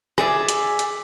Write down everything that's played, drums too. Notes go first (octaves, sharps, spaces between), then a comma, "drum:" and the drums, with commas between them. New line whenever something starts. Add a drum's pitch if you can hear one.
G#4 D5 E5, drum: rim click
drum: hi-hat
drum: hi-hat